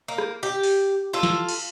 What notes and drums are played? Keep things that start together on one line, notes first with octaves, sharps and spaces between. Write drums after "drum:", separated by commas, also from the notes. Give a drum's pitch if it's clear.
A#3
drum: rim click
G4
drum: open hi-hat
F4 A4
drum: snare
drum: cymbal